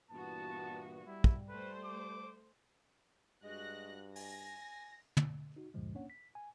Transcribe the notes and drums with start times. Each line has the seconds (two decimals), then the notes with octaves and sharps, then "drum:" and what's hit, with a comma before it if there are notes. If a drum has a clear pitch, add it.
0.11 G2 A#2 E3 B3 F#4 A5
1.07 G3 E4
1.24 drum: kick
1.49 A3 B4 C5
1.84 D6
3.44 G2 G#3 F#4 F#6 A#6
4.16 G#5 A#6, drum: open hi-hat
5.17 drum: tom
5.56 D#4 F#4
5.74 D2 G2 A#2 D3 F3 G#3
5.95 A#3 C#4 D4 C#5 F#5
6.10 B6
6.35 G#5